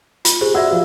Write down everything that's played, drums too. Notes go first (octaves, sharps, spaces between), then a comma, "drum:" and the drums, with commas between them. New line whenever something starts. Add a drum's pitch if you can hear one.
F4, drum: hi-hat
G4 G#4 C5
F#4 D5 E5 F#5 E6
F3 F5